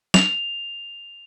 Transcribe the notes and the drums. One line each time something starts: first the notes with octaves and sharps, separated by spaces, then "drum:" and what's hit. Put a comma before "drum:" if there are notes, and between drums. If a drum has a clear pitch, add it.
F7, drum: snare